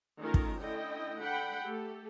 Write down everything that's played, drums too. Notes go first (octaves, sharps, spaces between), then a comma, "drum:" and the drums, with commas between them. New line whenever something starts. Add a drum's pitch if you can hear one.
D#3 A3 C#4 F4 A4 A#4
drum: kick
D3 A3 C#4 E4 D#5 G5
D4 A4 F#5 G5 B5
A3 G4 A4